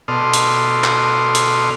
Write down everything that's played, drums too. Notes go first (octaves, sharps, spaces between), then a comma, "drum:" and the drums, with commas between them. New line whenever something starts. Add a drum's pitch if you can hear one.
B2 A4 D5 C6 D#6 F6
drum: hi-hat
drum: clap
drum: hi-hat